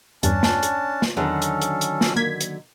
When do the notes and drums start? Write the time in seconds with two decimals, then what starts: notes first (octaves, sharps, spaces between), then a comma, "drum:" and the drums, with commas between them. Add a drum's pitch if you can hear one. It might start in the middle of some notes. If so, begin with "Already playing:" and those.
0.23 E2 G2 C#4 D4 A5, drum: hi-hat
0.43 drum: snare
0.63 drum: hi-hat
1.02 drum: snare
1.17 E2 D3 D#3 F#3 C#4 A4
1.42 drum: hi-hat
1.61 drum: hi-hat
1.81 drum: hi-hat
2.01 drum: snare
2.16 A#3 G#6 B6
2.40 drum: hi-hat